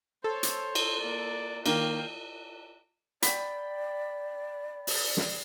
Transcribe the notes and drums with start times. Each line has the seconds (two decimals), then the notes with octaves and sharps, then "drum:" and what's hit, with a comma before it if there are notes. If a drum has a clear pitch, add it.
0.24 A4 C5 C#5
0.43 drum: hi-hat
0.75 drum: cymbal
0.99 A#3 D5
1.66 D#3 A#3 F5 G5, drum: cymbal
3.22 D5 G5 B5, drum: hi-hat
4.87 drum: open hi-hat
5.17 drum: snare